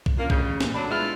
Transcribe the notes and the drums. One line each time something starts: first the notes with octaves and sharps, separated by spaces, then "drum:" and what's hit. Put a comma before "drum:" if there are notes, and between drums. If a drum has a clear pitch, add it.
drum: kick
A#3 C#4 D4 F4
A1 C#3 G6, drum: kick
A#2 A#3, drum: snare
D3 F#3 D4 A5 B5
G#3 B3 D4 E4 F4